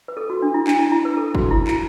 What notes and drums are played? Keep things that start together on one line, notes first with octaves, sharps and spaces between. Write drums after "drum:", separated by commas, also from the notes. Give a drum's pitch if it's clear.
B4
A4
F#4
D4
E4
D4, drum: clap
E4
E4
B4
A4
F#4, drum: kick
E4
E4, drum: clap